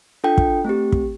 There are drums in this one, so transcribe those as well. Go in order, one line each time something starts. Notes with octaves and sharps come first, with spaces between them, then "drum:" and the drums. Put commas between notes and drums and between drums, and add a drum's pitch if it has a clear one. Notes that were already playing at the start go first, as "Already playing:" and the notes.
D4 F4 A4 G5
drum: kick
A3 C4 G4
drum: kick